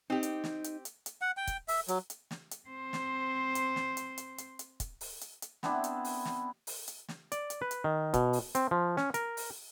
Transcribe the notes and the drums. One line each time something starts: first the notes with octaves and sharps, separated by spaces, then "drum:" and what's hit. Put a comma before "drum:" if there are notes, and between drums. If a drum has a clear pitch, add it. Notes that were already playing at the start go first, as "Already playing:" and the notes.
C4 D#4 G4
drum: hi-hat
drum: snare
drum: hi-hat
drum: hi-hat
drum: hi-hat
F#5
G5
drum: kick, hi-hat
E5, drum: open hi-hat
F#3, drum: hi-hat
drum: hi-hat
drum: snare
drum: hi-hat
C4 C5
drum: snare
drum: hi-hat
drum: snare
drum: hi-hat
drum: hi-hat
drum: hi-hat
drum: hi-hat
drum: kick, hi-hat
drum: open hi-hat
drum: hi-hat
drum: hi-hat
B3 C4 D4 E4, drum: snare
drum: hi-hat
drum: open hi-hat
drum: snare
drum: open hi-hat
drum: hi-hat
drum: snare
D5, drum: hi-hat
drum: hi-hat
B4
drum: hi-hat
D#3
B2, drum: kick, hi-hat
drum: open hi-hat
C4, drum: hi-hat
F3
C#4, drum: snare
A#4, drum: hi-hat
drum: open hi-hat